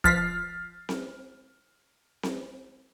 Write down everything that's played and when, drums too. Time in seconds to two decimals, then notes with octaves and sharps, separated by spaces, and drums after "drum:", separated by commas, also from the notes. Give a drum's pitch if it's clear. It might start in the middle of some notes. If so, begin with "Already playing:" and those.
0.04 F3 F6 A6 B6 C7, drum: kick
0.89 drum: snare C4
2.23 drum: snare C4